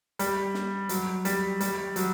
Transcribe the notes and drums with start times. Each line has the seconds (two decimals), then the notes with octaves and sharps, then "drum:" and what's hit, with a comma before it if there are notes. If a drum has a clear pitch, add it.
0.19 G3, drum: hi-hat
0.54 drum: snare
0.89 F#3, drum: hi-hat
1.25 G3, drum: hi-hat
1.61 G3, drum: hi-hat
1.96 F#3, drum: hi-hat